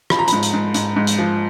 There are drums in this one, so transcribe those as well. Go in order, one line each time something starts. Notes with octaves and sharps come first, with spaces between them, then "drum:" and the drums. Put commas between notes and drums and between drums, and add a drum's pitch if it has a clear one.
F3 B5, drum: rim click
A#5
G#2 B5, drum: hi-hat
drum: hi-hat
G#2
G#2, drum: hi-hat
G#2
drum: hi-hat
F3